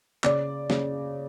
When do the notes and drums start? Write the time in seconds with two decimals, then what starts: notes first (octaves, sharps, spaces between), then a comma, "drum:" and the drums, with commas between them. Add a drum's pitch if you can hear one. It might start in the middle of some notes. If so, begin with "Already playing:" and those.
0.24 C#3 D5, drum: clap
0.70 C#3, drum: snare